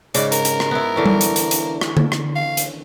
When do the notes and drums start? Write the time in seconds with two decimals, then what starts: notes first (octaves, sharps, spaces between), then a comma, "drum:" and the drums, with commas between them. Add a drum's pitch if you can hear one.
0.15 G#2 C#3 D5, drum: hi-hat
0.32 A#4, drum: hi-hat
0.45 drum: hi-hat
0.60 drum: rim click
0.71 B3 E4
0.96 D3 E3 C#4
1.06 drum: tom G3
1.21 drum: hi-hat
1.36 drum: hi-hat
1.51 drum: hi-hat
1.81 drum: rim click
1.97 drum: tom D3
2.12 drum: rim click
2.35 F5
2.57 drum: hi-hat